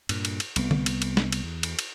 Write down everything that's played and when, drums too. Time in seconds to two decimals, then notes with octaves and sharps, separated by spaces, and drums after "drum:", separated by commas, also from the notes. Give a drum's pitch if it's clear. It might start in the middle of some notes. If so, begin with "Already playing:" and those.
0.09 G2 A#2, drum: cymbal
0.25 drum: cymbal
0.40 drum: cymbal
0.56 C2 B3, drum: cymbal
0.71 drum: tom D3
0.86 drum: cymbal
1.02 drum: cymbal
1.17 drum: snare
1.32 drum: cymbal
1.43 E2
1.63 drum: cymbal
1.79 drum: cymbal